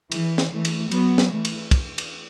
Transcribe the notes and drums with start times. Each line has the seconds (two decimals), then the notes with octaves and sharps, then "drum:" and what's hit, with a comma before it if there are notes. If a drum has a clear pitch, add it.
0.12 E3, drum: cymbal
0.38 drum: snare
0.52 E3 A3
0.65 drum: cymbal
0.91 F#3 B3, drum: cymbal
1.18 drum: snare
1.31 E3 A3
1.45 drum: cymbal
1.71 drum: kick, cymbal
1.98 drum: cymbal